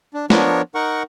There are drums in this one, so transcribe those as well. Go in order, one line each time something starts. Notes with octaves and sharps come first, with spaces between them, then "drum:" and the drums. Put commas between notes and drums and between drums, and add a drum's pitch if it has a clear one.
D4
F3 B3 D4 A#4 C#5, drum: snare
D#4 A#4 F#5 C#6